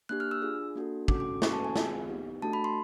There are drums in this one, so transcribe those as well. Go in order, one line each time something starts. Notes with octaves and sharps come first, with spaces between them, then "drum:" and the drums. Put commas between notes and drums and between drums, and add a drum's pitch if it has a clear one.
A#3 D4 G4 F#6
F6
E6
D4 F4 G#4
A#3 D4 F#4 A4
C#4 F#4 A4 D6, drum: kick
D6
A#3 C#4 F#4 A4 C#6, drum: snare
A5
G#5
C4 F4 G#4, drum: snare
B3 D#4 G4
A3 D4 F#4 A4 A5
B5
C6